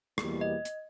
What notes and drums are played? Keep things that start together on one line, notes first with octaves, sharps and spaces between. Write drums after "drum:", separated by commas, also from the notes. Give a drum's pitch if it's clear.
E2 B2 G3 A#3, drum: rim click
D#5
drum: hi-hat